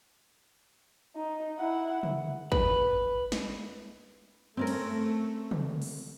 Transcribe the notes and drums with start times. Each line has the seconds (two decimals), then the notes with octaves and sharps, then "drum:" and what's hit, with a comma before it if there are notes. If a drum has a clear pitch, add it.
1.16 D#4
1.59 E4 F#5
2.03 drum: tom
2.52 B4, drum: kick
3.32 drum: snare
4.57 A3 C4 C#4 A#4
4.67 drum: cymbal
5.51 drum: tom
5.82 drum: open hi-hat